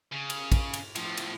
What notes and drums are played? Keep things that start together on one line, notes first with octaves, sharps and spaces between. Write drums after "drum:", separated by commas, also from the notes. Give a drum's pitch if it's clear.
C#3
drum: cymbal
drum: kick, cymbal
drum: cymbal
A2 F3, drum: cymbal
drum: cymbal